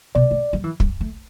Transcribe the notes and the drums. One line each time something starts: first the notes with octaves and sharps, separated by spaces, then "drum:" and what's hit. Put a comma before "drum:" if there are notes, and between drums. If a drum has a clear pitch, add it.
B2 D5
A3
G3
E3
G3, drum: kick
A3